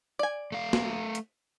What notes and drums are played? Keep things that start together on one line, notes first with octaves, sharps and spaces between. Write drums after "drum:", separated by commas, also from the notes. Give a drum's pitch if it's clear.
D5 G#5
A3 F5
drum: snare
drum: hi-hat